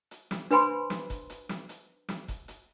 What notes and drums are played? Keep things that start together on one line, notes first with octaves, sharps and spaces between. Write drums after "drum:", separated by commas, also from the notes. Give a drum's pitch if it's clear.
drum: hi-hat
drum: snare
D4 B4 C5 G#5 B5 C6, drum: hi-hat
drum: snare
drum: kick F1, hi-hat
drum: hi-hat
drum: snare
drum: hi-hat
drum: snare
drum: kick F1, hi-hat
drum: hi-hat